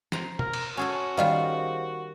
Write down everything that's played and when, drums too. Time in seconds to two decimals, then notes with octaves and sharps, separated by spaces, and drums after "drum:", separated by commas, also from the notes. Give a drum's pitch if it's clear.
0.12 C5 A#5, drum: snare
0.39 A#4, drum: tom
0.53 drum: cymbal
0.77 C#4 F#4 G#4 A4
1.17 D#3 G3 F4 G#4 C5 F5